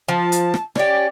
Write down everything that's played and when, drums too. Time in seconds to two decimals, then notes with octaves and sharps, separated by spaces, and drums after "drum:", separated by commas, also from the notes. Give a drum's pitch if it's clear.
0.08 F3 A5
0.32 drum: hi-hat
0.54 drum: rim click
0.76 C#4 G4 D5, drum: rim click